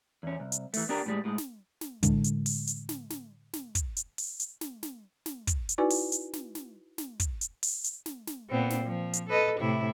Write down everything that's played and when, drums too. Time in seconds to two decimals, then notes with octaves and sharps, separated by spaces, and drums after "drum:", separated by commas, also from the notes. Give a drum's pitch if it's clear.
0.23 E2 C#4
0.40 C2
0.52 drum: hi-hat
0.74 E3 A3, drum: open hi-hat
0.89 B3 D4 G4 A#4
1.06 A2 G3 G#3
1.25 A2 G#3
1.38 drum: snare
1.81 drum: snare
2.03 A2 D3 G#3 D4, drum: kick, hi-hat
2.24 drum: hi-hat
2.46 drum: open hi-hat
2.67 drum: hi-hat
2.89 drum: snare
3.10 drum: snare
3.53 drum: snare
3.75 drum: kick, hi-hat
3.97 drum: hi-hat
4.18 drum: open hi-hat
4.40 drum: hi-hat
4.61 drum: snare
4.83 drum: snare
5.26 drum: snare
5.47 drum: kick, hi-hat
5.69 drum: hi-hat
5.78 D#4 E4 F#4 B4 D5 G#5
5.90 drum: open hi-hat
6.12 drum: hi-hat
6.33 drum: snare
6.55 drum: snare
6.98 drum: snare
7.20 drum: kick, hi-hat
7.41 drum: hi-hat
7.63 drum: open hi-hat
7.84 drum: hi-hat
8.06 drum: snare
8.27 drum: snare
8.50 A#2 B3 C4
8.70 drum: snare
8.84 F3
9.13 drum: hi-hat
9.29 A4 B4 D#5
9.60 A2 C3 E4